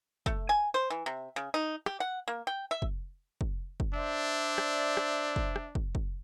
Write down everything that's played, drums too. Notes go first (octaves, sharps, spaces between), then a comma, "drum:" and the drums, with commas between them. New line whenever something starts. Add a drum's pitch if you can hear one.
A3, drum: kick
G#5
C5
E3
C3
C#3
D#4
G4, drum: rim click
F#5
A#3
G5
E5
drum: kick
drum: kick
drum: kick
D4 C5 D5 E5
drum: rim click
drum: rim click
drum: kick
drum: rim click
drum: kick
drum: kick